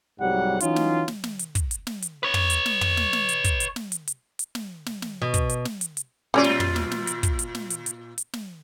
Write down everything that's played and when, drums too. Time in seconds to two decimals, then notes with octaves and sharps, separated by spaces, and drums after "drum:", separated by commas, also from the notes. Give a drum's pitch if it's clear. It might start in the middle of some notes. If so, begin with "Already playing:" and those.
0.19 C2 G#2 F#3 G3 F#5
0.60 E3 F#3 C#4 D#4 F4, drum: hi-hat
0.76 drum: snare
1.08 drum: snare
1.24 drum: snare
1.39 drum: hi-hat
1.55 drum: kick, hi-hat
1.71 drum: hi-hat
1.87 drum: snare
2.02 drum: hi-hat
2.23 B4 C#5
2.34 drum: tom
2.50 drum: hi-hat
2.66 drum: snare
2.81 drum: tom
2.97 drum: snare
3.13 drum: snare
3.29 drum: hi-hat
3.44 drum: kick, hi-hat
3.60 drum: hi-hat
3.76 drum: snare
3.92 drum: hi-hat
4.07 drum: hi-hat
4.39 drum: hi-hat
4.55 drum: snare
4.86 drum: snare
5.02 drum: snare
5.22 B2
5.34 drum: kick, hi-hat
5.49 drum: hi-hat
5.65 drum: snare
5.81 drum: hi-hat
5.97 drum: hi-hat
6.34 A#2 G3 C#4 F4 D5
6.44 drum: snare
6.60 drum: tom
6.76 drum: snare
6.91 drum: snare
7.07 drum: hi-hat
7.23 drum: kick, hi-hat
7.39 drum: hi-hat
7.55 drum: snare
7.70 drum: hi-hat
7.86 drum: hi-hat
8.18 drum: hi-hat
8.33 drum: snare